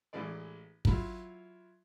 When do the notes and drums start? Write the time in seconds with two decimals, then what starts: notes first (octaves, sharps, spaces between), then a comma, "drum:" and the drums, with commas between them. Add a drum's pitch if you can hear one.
0.13 A1 E3 G#3 D5
0.85 F#3 E4 F4, drum: kick